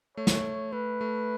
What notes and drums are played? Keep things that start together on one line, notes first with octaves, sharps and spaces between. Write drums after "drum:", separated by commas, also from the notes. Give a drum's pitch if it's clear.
A3 C#5
drum: snare
A3 B4
A3